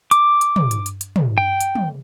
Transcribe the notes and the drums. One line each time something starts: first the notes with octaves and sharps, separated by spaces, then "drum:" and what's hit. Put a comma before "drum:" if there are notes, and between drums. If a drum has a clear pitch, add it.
D6, drum: hi-hat
drum: hi-hat
drum: tom
drum: hi-hat
drum: hi-hat
drum: hi-hat
drum: tom
G5
drum: hi-hat
drum: tom